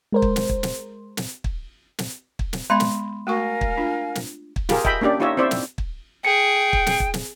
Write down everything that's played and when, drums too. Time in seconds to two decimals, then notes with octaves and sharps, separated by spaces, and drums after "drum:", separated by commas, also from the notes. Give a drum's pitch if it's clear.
0.12 G#3 A#4 C5
0.22 drum: kick
0.36 drum: snare
0.49 drum: kick
0.63 drum: snare
1.17 drum: snare
1.44 drum: kick
1.99 drum: snare
2.39 drum: kick
2.53 drum: snare
2.70 G#3 B3 D#5 B5 C6
2.80 drum: snare
3.27 A3 F#4 A#4 F5 G#5 C#6
3.61 drum: kick
3.77 D4 F4
4.15 drum: snare
4.56 drum: kick
4.69 F4 G4 G#4 A#4, drum: snare
4.85 D#5 E5 G5 B5, drum: kick
5.01 A#3 C#4 D4 G4 D5
5.20 D#4 F4 G4 C#5 D#5 E5
5.37 C4 E4 C5 D5 E5
5.51 drum: snare
5.78 drum: kick
6.25 G#4 G5 C#7
6.73 drum: kick
6.86 drum: snare
7.00 drum: kick
7.14 drum: snare